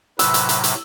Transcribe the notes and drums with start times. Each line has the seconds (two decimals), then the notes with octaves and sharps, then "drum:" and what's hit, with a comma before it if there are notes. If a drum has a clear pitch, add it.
0.19 A2 C3 F#3 B4 E6, drum: hi-hat
0.34 drum: hi-hat
0.49 drum: hi-hat
0.64 drum: hi-hat